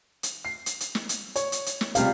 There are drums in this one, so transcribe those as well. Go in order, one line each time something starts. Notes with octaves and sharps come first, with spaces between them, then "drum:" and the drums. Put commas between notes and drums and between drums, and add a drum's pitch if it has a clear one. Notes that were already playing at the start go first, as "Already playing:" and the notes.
drum: hi-hat
C7
drum: hi-hat
drum: hi-hat
drum: snare
drum: hi-hat
C#5, drum: hi-hat
drum: hi-hat
drum: hi-hat
drum: snare
C#2 C3 G3 F5, drum: hi-hat